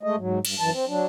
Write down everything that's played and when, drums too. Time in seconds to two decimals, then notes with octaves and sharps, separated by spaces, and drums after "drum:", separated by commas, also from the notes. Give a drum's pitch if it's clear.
0.03 G#3 A3 D#5
0.18 G#2 F#3
0.45 G2, drum: cymbal
0.60 F#2 E3 A5
0.72 C4
0.88 F#3 D4